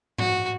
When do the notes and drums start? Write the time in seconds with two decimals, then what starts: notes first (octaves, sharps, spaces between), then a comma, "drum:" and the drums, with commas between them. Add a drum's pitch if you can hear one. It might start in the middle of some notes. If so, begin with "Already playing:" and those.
0.18 F#4, drum: tom G#2